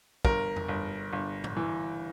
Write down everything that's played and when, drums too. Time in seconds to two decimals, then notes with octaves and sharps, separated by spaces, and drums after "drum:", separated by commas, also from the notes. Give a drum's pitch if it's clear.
0.25 G1 A#4, drum: kick
0.56 drum: tom F2
0.68 G1
1.13 G1
1.44 drum: tom G#2
1.57 E3